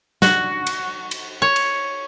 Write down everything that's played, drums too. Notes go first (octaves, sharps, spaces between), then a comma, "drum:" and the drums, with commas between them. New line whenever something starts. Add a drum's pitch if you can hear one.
F#4, drum: snare
drum: cymbal
drum: cymbal
C#5
drum: cymbal